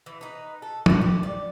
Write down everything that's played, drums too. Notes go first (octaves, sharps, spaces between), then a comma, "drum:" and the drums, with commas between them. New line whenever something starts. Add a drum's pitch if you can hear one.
E3
D#4 B4
A4
F#4 G4, drum: tom
G4
D5